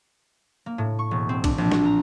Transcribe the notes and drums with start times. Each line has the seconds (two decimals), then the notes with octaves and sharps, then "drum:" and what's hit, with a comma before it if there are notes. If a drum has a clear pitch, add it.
0.66 A#3
0.78 A2
0.99 C#6
1.11 E1
1.29 C4
1.44 D4, drum: kick A#1, cymbal
1.58 A#1
1.72 F#4, drum: snare
1.86 A#5